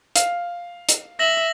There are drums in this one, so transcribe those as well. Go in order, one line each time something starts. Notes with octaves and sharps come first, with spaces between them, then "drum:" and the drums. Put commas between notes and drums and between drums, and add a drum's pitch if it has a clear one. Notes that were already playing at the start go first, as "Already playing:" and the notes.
F5, drum: hi-hat
drum: hi-hat
E5 A#6 F#7